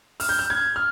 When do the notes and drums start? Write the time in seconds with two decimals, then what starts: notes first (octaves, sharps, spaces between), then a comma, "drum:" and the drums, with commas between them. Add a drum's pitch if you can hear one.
0.20 F6, drum: open hi-hat
0.29 G6
0.39 F6
0.50 G#6
0.76 F6